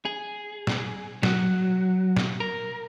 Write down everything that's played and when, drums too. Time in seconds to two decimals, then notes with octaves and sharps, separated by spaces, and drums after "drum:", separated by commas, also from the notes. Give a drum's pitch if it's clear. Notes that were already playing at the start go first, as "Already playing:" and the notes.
0.05 G#4
0.67 drum: snare
1.23 F#3, drum: snare
2.16 drum: snare
2.40 A#4